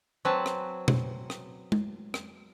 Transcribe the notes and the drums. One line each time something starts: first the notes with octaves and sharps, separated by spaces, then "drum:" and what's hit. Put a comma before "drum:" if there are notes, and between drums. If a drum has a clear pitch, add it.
F#3 C4 B4 G#5 A5
drum: rim click
drum: tom B2
drum: rim click
drum: tom G#3
drum: rim click